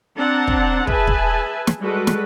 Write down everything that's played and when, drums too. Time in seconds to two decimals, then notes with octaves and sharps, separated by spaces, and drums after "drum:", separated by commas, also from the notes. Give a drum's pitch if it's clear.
0.17 C4 D4 F#5 A5 A#5
0.48 drum: kick
0.87 G#4 B4 E5 G#5 A5, drum: kick
1.07 drum: kick
1.67 drum: snare
1.79 G3 G#3 F#4 A4 B4
2.07 drum: snare